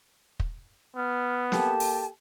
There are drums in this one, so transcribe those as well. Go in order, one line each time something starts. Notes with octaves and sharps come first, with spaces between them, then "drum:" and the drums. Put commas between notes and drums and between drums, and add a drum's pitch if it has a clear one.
drum: kick
B3 F6
A#3 G4 A4 A5, drum: snare
drum: open hi-hat